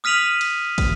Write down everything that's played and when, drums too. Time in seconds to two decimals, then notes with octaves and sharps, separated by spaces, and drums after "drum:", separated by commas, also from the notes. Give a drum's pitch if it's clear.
0.04 D#6 F6 B6 D#7 F7 F#7
0.41 drum: cymbal
0.78 drum: kick, cymbal